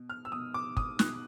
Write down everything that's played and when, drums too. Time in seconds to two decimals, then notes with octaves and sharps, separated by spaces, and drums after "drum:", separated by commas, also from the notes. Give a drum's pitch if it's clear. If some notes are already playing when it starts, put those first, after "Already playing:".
Already playing: B2
0.10 F6
0.25 E6
0.32 B2 D#6
0.54 D6
0.77 D#6, drum: kick
0.99 B2 F#6, drum: snare